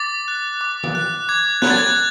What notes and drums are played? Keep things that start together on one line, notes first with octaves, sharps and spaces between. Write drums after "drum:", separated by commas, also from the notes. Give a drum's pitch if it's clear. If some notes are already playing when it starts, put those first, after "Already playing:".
Already playing: D6 A6
F#6
D6
drum: tom D#3
F#6
D6 G#6
F#6 G#6, drum: snare
A6
G#6